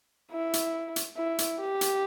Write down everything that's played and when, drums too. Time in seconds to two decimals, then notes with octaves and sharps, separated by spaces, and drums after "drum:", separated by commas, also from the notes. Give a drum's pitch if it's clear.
0.32 E4
0.53 drum: hi-hat
0.96 drum: hi-hat
1.17 E4
1.38 drum: hi-hat
1.60 G4
1.81 drum: hi-hat